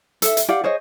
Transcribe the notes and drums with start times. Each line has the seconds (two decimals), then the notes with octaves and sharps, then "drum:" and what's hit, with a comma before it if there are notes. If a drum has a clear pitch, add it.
0.22 A4 E5, drum: hi-hat
0.37 drum: hi-hat
0.49 G4 D5 F5 F#5
0.64 G#4 C5 C#5 D#5